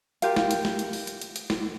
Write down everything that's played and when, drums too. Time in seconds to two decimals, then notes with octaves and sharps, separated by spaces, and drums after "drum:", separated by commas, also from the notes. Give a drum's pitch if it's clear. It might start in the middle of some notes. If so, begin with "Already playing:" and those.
0.22 F4 G4 A#4 F5, drum: hi-hat
0.36 drum: snare
0.51 drum: hi-hat
0.65 drum: snare
0.79 drum: hi-hat
0.93 drum: open hi-hat
1.07 drum: hi-hat
1.22 drum: hi-hat
1.36 drum: hi-hat
1.50 drum: snare